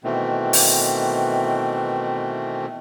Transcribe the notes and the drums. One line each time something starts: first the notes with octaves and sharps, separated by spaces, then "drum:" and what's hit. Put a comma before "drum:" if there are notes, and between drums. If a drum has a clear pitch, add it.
B2 D#3 E3 A3 C4
drum: open hi-hat